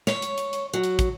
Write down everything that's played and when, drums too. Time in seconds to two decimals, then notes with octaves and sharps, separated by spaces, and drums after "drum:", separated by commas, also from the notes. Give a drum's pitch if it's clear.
0.07 C#5, drum: snare
0.22 drum: hi-hat
0.38 drum: hi-hat
0.53 drum: hi-hat
0.73 F#3
0.84 drum: hi-hat
0.99 drum: kick, hi-hat